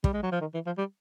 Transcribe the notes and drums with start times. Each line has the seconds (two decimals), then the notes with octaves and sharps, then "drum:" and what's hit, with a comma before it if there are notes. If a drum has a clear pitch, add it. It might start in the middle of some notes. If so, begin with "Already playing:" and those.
0.04 G3, drum: kick
0.13 G#3
0.23 F#3
0.32 F3
0.41 D#3
0.54 E3
0.66 F3
0.78 G3